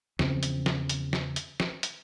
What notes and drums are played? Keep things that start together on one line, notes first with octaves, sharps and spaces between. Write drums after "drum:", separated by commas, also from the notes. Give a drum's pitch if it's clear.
E2 C#3 F3 C4, drum: snare
drum: hi-hat
drum: snare
drum: hi-hat
drum: snare
drum: hi-hat
drum: snare
drum: hi-hat